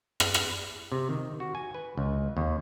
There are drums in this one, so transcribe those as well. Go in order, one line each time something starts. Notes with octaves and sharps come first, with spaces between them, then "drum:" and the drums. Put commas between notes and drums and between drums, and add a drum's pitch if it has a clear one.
drum: rim click
drum: rim click
C3
D#3
F#4
G#5
B4
C#2
D#2